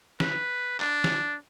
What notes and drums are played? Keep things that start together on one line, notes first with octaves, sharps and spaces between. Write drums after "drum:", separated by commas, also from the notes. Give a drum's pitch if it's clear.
B4, drum: snare
D4, drum: clap
drum: snare